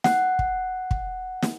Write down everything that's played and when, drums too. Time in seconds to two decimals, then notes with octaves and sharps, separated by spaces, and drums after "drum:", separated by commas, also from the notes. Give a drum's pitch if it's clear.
0.04 F#5, drum: snare
0.39 drum: kick
0.91 drum: kick
1.42 drum: snare